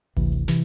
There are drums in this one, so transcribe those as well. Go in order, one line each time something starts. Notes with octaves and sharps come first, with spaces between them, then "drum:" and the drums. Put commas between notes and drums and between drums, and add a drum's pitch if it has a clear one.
D2 C3 E3, drum: kick G#1, open hi-hat
drum: hi-hat
C3 E3, drum: snare